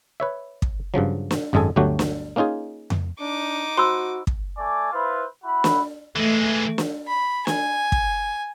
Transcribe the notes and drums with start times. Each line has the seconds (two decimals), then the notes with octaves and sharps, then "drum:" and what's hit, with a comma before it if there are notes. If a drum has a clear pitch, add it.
0.20 B4 C#5 E5
0.62 drum: kick
0.94 G2 C#3 F3 F#3
1.31 drum: snare
1.53 G#1 F#2 G#3 G#4 A4 G#5
1.76 G1 D2 F#3 A3 F#4 G4
1.99 drum: snare
2.36 A#3 C#4 D#4 F4 G#4
2.90 drum: tom F2
3.20 D4 D#4 D6
3.77 F#4 C5 B5 C6 E6
4.27 drum: kick
4.56 A3 D5 G#5 D6
4.92 E4 F4 B4 C5
5.43 E4 F#4 B5
5.64 drum: snare
6.16 E3 G#3 A3
6.78 drum: snare
7.07 B5
7.47 G#5, drum: snare
7.92 drum: kick